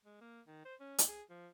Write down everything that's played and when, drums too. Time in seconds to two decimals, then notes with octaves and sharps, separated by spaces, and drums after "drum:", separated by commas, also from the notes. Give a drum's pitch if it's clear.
0.05 G#3
0.21 A#3
0.47 D#3
0.65 C5
0.80 C#4
0.98 drum: hi-hat
1.08 G#4
1.30 F3